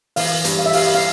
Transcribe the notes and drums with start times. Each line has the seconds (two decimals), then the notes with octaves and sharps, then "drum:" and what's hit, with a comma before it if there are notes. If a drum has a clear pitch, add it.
0.16 E3 F5, drum: open hi-hat
0.45 G2, drum: hi-hat
0.59 F5
0.66 E5
0.73 G3 F5, drum: open hi-hat
0.95 F5